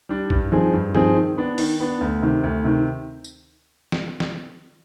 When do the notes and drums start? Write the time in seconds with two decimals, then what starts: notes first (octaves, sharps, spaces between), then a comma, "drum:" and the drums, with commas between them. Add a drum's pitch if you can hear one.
0.09 G3 D4
0.30 G2, drum: kick
0.52 F3 C4 D#4 G#4
0.73 G2
0.95 F3 C4 D#4 G#4, drum: tom G2
1.16 D#3
1.37 B3 D4
1.58 D#3, drum: open hi-hat
1.80 B3 D4
2.01 D2
2.22 C3 D#3
2.43 D2
2.64 C3 D#3
3.24 drum: tambourine
3.92 drum: snare
4.20 drum: snare